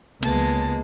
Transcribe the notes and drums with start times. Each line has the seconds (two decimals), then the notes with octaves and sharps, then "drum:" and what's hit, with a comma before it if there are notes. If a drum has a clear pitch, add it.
0.23 C#2 G#3 A#3 B3 A5, drum: snare